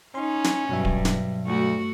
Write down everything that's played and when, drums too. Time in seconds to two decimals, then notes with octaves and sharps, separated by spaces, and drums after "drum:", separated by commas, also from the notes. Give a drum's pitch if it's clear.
0.15 C#4 D#4 C6
0.44 drum: snare
0.69 G2 B2 F#3 E5
0.85 drum: kick D1
1.05 drum: snare
1.45 D2 A3 F#4